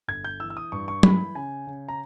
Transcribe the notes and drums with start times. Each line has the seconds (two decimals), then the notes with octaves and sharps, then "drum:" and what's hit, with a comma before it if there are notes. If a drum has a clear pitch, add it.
0.08 G1 G#6
0.24 G6
0.40 E3 E6
0.50 E6
0.57 D#6
0.72 G2 C#6
0.88 C#6
1.03 E3 B5, drum: tom F#3
1.35 C#3 G#5
1.67 C#3
1.89 A#5